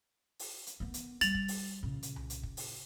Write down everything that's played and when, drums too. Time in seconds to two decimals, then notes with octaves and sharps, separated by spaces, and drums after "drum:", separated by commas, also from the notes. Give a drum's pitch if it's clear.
0.39 drum: open hi-hat
0.67 drum: hi-hat
0.80 D#3 B3
0.94 drum: hi-hat
1.21 G3 A6 F7 F#7, drum: hi-hat
1.35 drum: kick
1.48 drum: open hi-hat
1.83 A#2 C#3
2.03 drum: hi-hat
2.16 drum: tom C2
2.30 drum: hi-hat
2.43 drum: kick
2.57 drum: open hi-hat